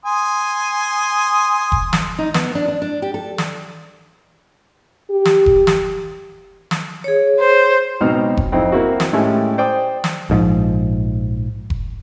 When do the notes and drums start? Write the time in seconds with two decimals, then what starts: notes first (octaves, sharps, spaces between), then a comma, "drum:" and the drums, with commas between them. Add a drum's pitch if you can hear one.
0.05 G#5 C6 D#6
1.72 drum: kick F1
1.93 drum: snare
2.19 D#4
2.34 B3, drum: snare
2.55 D4
2.68 D4
2.82 D4
3.02 G4
3.14 A4
3.38 drum: snare
5.10 G4
5.25 drum: snare
5.46 drum: kick F1
5.67 drum: snare
6.71 drum: snare
7.04 G#4 C#5
7.40 C5
8.01 C#2 B2 C4 D#4 F6
8.37 drum: kick F1
8.52 F2 C4 D#4 E4
8.72 A#3 C4 E4 F#4
9.00 drum: snare
9.13 A2 G#3 A3 C#4 E4 G4
9.58 C5 D5 G5 D6 D#6
10.04 drum: snare
10.30 A#1 G#2 B2 F3
11.70 drum: kick F1